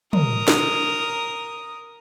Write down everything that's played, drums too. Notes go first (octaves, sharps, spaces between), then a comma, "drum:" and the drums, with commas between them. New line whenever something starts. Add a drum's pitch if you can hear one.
A#4 D#6, drum: tom
drum: snare